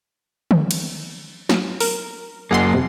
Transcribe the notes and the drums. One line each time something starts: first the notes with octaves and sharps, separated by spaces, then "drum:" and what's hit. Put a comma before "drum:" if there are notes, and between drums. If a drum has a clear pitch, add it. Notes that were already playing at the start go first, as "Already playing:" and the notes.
drum: tom D3
drum: cymbal
F#3, drum: snare
A#4, drum: open hi-hat
F#2 A#3 G#4 F#5 C6
F2 C3